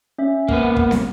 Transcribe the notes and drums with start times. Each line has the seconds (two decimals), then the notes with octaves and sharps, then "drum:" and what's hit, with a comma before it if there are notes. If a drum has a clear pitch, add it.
0.18 C#4 E5
0.48 A#3 B3 B4 F#5, drum: kick
0.76 drum: kick
0.91 drum: snare